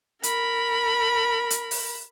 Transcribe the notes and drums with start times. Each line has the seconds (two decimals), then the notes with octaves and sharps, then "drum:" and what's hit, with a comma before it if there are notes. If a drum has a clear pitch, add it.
0.23 A#4 B5, drum: hi-hat
1.50 drum: hi-hat
1.71 drum: open hi-hat